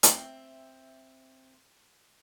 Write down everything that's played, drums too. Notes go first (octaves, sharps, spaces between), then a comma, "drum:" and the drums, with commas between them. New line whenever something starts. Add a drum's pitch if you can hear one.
C4 E5, drum: hi-hat